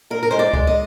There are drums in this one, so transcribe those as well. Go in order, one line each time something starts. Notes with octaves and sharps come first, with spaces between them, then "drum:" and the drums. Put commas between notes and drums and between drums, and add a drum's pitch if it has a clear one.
A#2 A#4
A#4
G#3 C5
D5
G#3, drum: kick
D#5